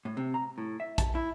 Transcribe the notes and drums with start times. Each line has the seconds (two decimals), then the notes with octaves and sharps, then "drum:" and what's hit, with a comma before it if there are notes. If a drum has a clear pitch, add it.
0.05 A2
0.17 C3
0.34 A#5
0.58 A2
0.80 E5
0.98 A5, drum: kick A#1, hi-hat
1.15 E4